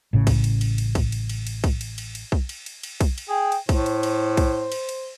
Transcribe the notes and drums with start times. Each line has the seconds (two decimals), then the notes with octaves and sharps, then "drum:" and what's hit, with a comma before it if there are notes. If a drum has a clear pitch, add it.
0.13 A1 A2 C#3
0.27 drum: kick, cymbal
0.44 drum: cymbal
0.61 drum: cymbal
0.78 drum: cymbal
0.95 drum: kick, cymbal
1.12 drum: cymbal
1.29 drum: cymbal
1.47 drum: cymbal
1.64 drum: kick, cymbal
1.81 drum: cymbal
1.98 drum: cymbal
2.15 drum: cymbal
2.32 drum: kick
2.49 drum: cymbal
2.66 drum: cymbal
2.83 drum: cymbal
3.01 drum: kick, cymbal
3.18 drum: cymbal
3.29 G#4 G5
3.52 drum: cymbal
3.69 A2 C5, drum: kick, cymbal
3.86 drum: cymbal
4.03 drum: cymbal
4.37 drum: kick, cymbal
4.72 drum: cymbal
4.89 drum: cymbal